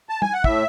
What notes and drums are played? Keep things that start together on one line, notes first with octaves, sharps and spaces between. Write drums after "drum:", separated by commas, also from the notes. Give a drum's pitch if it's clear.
A5
G#5, drum: tom
F#5
A2 E5, drum: kick